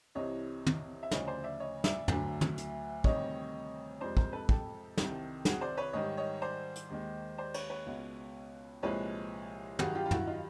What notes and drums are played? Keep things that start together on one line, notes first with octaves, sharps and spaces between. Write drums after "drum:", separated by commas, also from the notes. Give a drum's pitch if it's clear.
C2 C3 E3 C#5 D#5
drum: tom
E5
D2 C#3 F3 C#5 D#5, drum: snare
C5 D5
D5 E5
C#5 D#5
D5 E5, drum: snare
D2 D3 F#3, drum: tom
drum: tom
drum: hi-hat
D2 C3 D#3 G3 C#5 D#5, drum: kick
F2 C3 F3 G#3 C5 D5
A#4 C5, drum: kick
A4 B4
G4 A4, drum: kick
C2 C3 D#3, drum: snare
F#4 G#4, drum: snare
C5 D5
B4 C#5
G#2 D#3 G3 C#5 D#5
C#5 D#5
C5 D5
drum: hi-hat
D#2 D#3 G#3
C5 D5
B4 C#5, drum: cymbal
B4 C#5
C#2 B2 G#3
C2 A#2 F3 G#3 B4 C#5
G2 D#3 F#3 F#4 G#4, drum: tom
F4 G4
F4
E4 F#4, drum: tom
D#4 F4